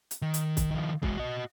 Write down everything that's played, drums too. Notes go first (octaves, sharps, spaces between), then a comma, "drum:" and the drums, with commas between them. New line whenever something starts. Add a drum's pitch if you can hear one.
drum: hi-hat
D#3
drum: hi-hat
drum: kick, hi-hat
D#3 F3
G#3 F#4, drum: kick
F#4 D#5